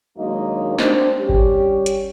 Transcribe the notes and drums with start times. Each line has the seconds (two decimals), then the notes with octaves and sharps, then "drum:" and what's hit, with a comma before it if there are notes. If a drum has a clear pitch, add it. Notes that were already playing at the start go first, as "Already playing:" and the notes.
0.17 D#2 F#3 G#3 A#3 D4 D#4
0.78 C4 D4, drum: snare
1.18 G3 C#4 G4
1.29 drum: kick G#1
1.86 drum: hi-hat